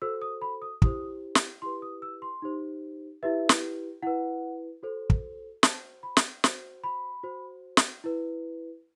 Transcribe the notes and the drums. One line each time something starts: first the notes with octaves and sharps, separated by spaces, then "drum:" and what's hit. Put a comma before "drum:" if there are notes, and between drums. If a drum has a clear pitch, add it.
F#4 A4 C5 E6
D#6
B5
D#6
E4 G4 C5 D#6, drum: kick
drum: snare
E4 G4 B4 C6
D#6
E6
C6
D#4 G4 C5
E4 G4 B4 E5
drum: snare
E4 B4 F#5
F#4 A4 C5
drum: kick
F#4 C5 A5, drum: snare
B5
drum: snare
F#4 C5, drum: snare
B5
F#4 C5
drum: snare
E4 B4